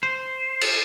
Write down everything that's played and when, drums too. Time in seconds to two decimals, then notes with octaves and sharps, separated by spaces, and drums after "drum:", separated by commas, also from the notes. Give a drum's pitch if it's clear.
0.03 C5
0.61 drum: cymbal